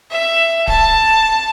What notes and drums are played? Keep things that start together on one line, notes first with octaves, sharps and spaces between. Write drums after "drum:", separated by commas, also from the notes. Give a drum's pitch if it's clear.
E5
A5, drum: kick D1